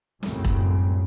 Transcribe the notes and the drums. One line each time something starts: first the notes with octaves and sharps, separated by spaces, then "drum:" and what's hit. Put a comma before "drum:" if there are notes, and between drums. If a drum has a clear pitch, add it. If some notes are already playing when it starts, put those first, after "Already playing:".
C2 F#2 A2 C#3 C4, drum: snare
drum: kick E1